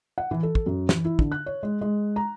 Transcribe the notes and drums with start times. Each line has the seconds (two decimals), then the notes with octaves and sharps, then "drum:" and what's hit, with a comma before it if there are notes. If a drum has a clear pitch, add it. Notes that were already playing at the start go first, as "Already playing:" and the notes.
0.18 F#5
0.31 E3
0.43 A4
0.55 drum: kick
0.66 F#2
0.89 E3, drum: snare
1.05 E4
1.19 D3, drum: kick
1.32 F#6
1.46 C#5
1.63 G#3
1.81 G#3
2.16 A#5